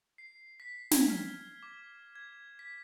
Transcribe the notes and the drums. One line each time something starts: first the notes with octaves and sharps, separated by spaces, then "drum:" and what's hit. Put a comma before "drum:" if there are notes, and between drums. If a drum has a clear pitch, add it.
C7
B6
G#6, drum: snare
F6
D6
G#6
B6